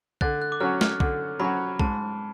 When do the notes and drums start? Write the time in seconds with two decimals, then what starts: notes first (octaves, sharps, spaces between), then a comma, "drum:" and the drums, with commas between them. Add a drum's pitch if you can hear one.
0.21 D3 F#6 A6, drum: kick B1
0.42 F#6
0.52 D6
0.60 F#3 C#4 F#4 F6
0.81 F6, drum: snare
1.00 D3, drum: kick B1
1.40 F#3 C#4 F#4 B5
1.79 G#2 A5, drum: kick B1